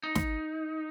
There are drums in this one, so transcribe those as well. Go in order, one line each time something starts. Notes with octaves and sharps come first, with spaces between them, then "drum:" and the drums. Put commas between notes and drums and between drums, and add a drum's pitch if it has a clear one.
D#4
drum: snare